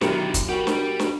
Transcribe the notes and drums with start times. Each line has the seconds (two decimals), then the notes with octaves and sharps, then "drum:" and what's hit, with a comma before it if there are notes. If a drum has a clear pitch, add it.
0.01 B1 D3 D#3 E4 G4 A#4 D7, drum: snare
0.34 drum: kick, hi-hat
0.49 G3 F#4 G4 A#4
0.67 drum: snare
0.99 drum: snare